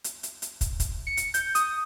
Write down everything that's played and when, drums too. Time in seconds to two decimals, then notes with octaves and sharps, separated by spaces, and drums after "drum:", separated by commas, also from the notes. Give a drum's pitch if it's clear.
0.04 drum: hi-hat
0.23 drum: hi-hat
0.42 drum: hi-hat
0.61 drum: kick, hi-hat
0.80 drum: kick, hi-hat
1.07 C#7
1.17 drum: hi-hat
1.34 G6, drum: hi-hat
1.55 D#6, drum: hi-hat